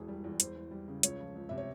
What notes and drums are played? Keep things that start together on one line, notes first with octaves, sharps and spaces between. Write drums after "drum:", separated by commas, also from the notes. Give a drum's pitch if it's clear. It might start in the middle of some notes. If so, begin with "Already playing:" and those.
Already playing: E1 E3 G#4
G3
E2
E2 C5, drum: hi-hat
E3
G3
C#3
C#2 C#5, drum: hi-hat
F3
C#2
C3 E5
C#5